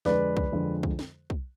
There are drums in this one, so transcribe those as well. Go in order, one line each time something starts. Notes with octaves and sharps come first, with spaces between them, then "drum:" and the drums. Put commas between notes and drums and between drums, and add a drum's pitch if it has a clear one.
F2 D3 G#3 B4 D5, drum: snare
drum: kick
F2 D3 G#3
drum: kick
drum: snare
drum: kick